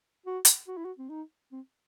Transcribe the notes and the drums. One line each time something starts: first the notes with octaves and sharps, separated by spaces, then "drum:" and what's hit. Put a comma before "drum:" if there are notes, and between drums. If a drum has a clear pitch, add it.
F#4
drum: hi-hat
F#4
E4
F#4
C4
D#4
C4